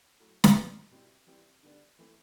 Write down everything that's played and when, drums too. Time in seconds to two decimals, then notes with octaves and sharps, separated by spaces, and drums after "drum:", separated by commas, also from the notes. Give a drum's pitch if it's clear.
0.20 F#3 A3 E4
0.44 drum: snare
0.55 B2 G3 D4
0.91 B2 G3 C4 E4
1.27 E3 G3 C4 E4
1.63 D3 G3 B3 D4
1.99 E3 A3 C4 E4